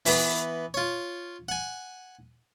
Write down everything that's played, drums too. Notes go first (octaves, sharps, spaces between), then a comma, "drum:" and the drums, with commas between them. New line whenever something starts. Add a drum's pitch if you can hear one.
E3 B3, drum: open hi-hat
F4 C#5
F#5 G#5